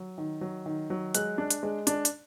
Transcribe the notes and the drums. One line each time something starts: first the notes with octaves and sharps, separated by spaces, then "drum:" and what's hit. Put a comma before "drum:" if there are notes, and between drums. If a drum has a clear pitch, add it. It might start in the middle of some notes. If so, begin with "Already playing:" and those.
Already playing: F#3
D#3
F#3
D#3
F#3
G#3 F#6, drum: hi-hat
D4
drum: hi-hat
G#3
D4, drum: hi-hat
drum: hi-hat